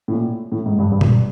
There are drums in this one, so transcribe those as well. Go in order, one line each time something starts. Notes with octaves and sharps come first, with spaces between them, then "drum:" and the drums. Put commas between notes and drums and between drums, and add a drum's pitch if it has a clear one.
A2
A#2
A2
G#2
G2
G2
drum: tom A#2